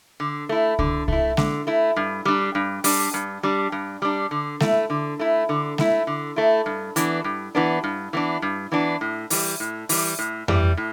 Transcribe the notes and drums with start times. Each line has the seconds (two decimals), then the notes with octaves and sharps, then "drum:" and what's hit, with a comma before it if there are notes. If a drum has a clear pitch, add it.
0.20 D3
0.49 A3 E4
0.79 D3, drum: kick C2
1.08 A3 E4, drum: kick C2
1.37 D3, drum: snare G#3
1.67 A3 E4
1.96 G2
2.25 G3 D4
2.55 G2
2.84 G3 D4, drum: open hi-hat
3.14 G2
3.43 G3 D4
3.72 G2
4.02 G3 D4
4.31 D3
4.60 A3 E4, drum: snare G#3
4.90 D3
5.19 A3 E4
5.49 D3
5.78 A3 E4, drum: snare G#3
6.07 D3
6.36 A3 E4
6.66 G2
6.96 E3 B3 D4, drum: hi-hat
7.24 G2
7.55 E3 B3 D4
7.84 G2
8.13 E3 B3 D4
8.42 G2
8.72 E3 B3 D4
9.01 A2
9.30 E3 G3, drum: open hi-hat
9.60 A2
9.89 E3 G3, drum: open hi-hat
10.19 A2
10.48 E3 G3, drum: tom F2
10.77 A2